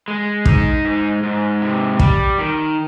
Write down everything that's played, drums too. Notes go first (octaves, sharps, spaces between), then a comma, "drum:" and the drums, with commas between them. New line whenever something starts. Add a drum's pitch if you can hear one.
G#3
D#4, drum: kick
G#2
G#2
C3
G3, drum: kick
D#3